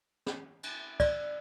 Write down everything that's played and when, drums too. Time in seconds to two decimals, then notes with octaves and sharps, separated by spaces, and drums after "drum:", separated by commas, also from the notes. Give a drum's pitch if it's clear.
0.26 drum: snare
0.63 drum: cymbal
1.00 D5, drum: kick, cymbal